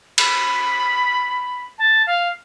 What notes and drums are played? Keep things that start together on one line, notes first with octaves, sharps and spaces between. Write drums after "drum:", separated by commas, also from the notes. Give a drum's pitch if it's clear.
B5, drum: cymbal
A5
F5